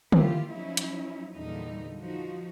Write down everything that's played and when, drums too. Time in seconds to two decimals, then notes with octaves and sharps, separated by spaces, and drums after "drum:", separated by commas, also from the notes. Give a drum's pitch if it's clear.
0.12 A#3 E4 F4 G4, drum: tom D3
0.52 F3 F#3 C#4 D#4 E4
0.77 drum: hi-hat
1.36 E2 A#2 D3 G3 D#4
1.98 F3 D#4 F#4